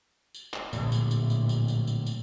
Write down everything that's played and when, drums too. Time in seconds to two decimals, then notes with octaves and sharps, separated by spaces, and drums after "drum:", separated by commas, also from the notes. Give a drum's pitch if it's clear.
0.34 drum: tambourine
0.54 drum: clap
0.73 A#1 A2 D3 F#3, drum: tambourine
0.92 drum: tambourine
1.11 drum: tambourine
1.30 drum: tambourine
1.49 drum: tambourine
1.68 drum: tambourine
1.87 drum: tambourine
2.06 drum: tambourine